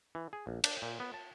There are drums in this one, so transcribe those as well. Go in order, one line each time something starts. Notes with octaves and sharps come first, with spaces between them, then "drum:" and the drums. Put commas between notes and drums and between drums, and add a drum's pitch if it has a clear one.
E3
G#4
A#1
D4, drum: cymbal
A#2
B3
A5